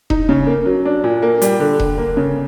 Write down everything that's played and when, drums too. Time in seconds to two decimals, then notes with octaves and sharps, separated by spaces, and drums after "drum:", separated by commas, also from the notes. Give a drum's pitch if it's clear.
0.10 D#4, drum: kick E1
0.29 C#3
0.47 A#3
0.66 F#3
0.85 D4
1.04 A#2
1.22 A#3
1.42 G3, drum: hi-hat
1.60 D3
1.80 D3, drum: kick E1
1.98 A#3
2.17 C#3